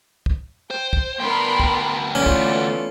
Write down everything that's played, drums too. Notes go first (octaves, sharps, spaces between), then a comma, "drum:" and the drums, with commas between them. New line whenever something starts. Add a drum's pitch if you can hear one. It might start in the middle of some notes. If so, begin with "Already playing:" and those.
drum: kick
C5 G5
drum: kick
D2 B3 D4 A#4 G5 B5 C6
drum: kick
E3 A3 B3 C#4 F4 D5
drum: kick